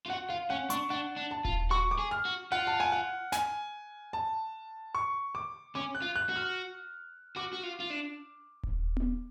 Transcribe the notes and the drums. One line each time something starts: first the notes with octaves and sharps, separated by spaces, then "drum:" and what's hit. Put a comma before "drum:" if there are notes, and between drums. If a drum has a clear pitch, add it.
F4
F#4 F#5
F4 F5
C#4 F#5
D4 C#6, drum: hi-hat
D4 F#5
D4
A5
F4, drum: kick D#1
F#4 C#6
D6
G#4
F6
F#4
F4 F#5
A5
G#5
F#5
G#5, drum: snare
A5
C#6
D6
C#4 D6
F#6
F4
F#6
F#4
F6
F#4 D6
F#4
F4
F4
D4
drum: kick D#1
drum: tom B3